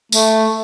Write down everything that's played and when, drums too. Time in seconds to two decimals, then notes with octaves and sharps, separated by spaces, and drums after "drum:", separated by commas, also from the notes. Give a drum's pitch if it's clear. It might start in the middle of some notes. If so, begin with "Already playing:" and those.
0.12 A3, drum: tambourine